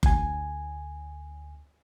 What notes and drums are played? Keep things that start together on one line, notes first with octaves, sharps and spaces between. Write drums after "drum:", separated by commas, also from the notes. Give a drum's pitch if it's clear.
D2 G#5, drum: kick F#1